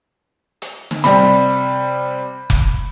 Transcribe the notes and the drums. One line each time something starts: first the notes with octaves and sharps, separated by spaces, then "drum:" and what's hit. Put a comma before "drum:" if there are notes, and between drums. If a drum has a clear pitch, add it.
drum: hi-hat
drum: snare
C3 G3 B5, drum: hi-hat
drum: kick F1